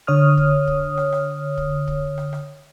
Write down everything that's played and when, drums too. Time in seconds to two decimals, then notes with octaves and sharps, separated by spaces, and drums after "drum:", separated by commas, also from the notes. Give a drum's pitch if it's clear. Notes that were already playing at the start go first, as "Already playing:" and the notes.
0.07 D3 C#5 D#6 F6
0.37 drum: kick
0.67 drum: kick
0.97 drum: rim click
1.12 drum: rim click
1.57 drum: kick
1.88 drum: kick
2.18 drum: rim click
2.33 drum: rim click